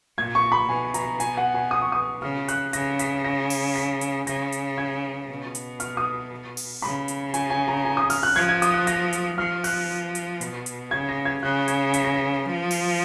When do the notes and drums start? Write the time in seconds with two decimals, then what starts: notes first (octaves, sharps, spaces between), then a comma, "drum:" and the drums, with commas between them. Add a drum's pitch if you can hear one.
0.18 A#2 G#6
0.35 C#6
0.52 B5
0.68 B2 G#5
0.94 A#5, drum: hi-hat
1.20 G#5, drum: hi-hat
1.37 F#5
1.54 G#5
1.71 D#6
1.82 C#6
1.92 D#6
2.22 C#3 F6
2.48 F#6, drum: hi-hat
2.73 C#3 A#6, drum: hi-hat
2.99 B6, drum: hi-hat
3.24 A#6
3.50 drum: open hi-hat
3.76 B6
4.01 drum: hi-hat
4.27 C#3 A#6, drum: hi-hat
4.52 drum: hi-hat
4.78 G#6
5.29 B2
5.55 drum: hi-hat
5.80 F6, drum: hi-hat
5.97 D#6
6.57 drum: open hi-hat
6.82 C#3 B5
7.08 drum: hi-hat
7.34 G#5, drum: hi-hat
7.50 G#5
7.68 A#5
7.85 G#5
7.97 D#6
8.10 F6, drum: open hi-hat
8.23 F#6
8.36 F3 G#6
8.49 G#6
8.62 D#6, drum: hi-hat
8.74 F#6
8.87 A#6, drum: hi-hat
9.13 drum: hi-hat
9.38 F3 F6
9.64 F#6, drum: open hi-hat
10.15 drum: hi-hat
10.41 B2, drum: hi-hat
10.66 drum: hi-hat
10.91 C#3 G#6
11.09 A#6
11.25 G#6
11.42 C#3 F#6
11.68 G#6, drum: hi-hat
11.94 B6, drum: hi-hat
12.05 A#6
12.16 B6
12.46 F3
12.71 drum: open hi-hat